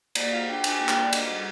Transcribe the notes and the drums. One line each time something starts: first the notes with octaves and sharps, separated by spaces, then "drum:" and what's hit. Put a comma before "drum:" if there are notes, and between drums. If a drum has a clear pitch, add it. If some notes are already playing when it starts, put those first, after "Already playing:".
A#3 D5, drum: cymbal
F4 F5
D4 G5
D4 G#5, drum: cymbal
G5
A#3
G5, drum: clap
F4 D5
D4 D#5, drum: cymbal
G3